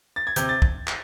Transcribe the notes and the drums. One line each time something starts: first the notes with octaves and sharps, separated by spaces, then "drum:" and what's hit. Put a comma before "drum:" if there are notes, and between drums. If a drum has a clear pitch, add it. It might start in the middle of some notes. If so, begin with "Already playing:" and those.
A6
G#6
C3 G6, drum: hi-hat
A6
drum: kick
drum: clap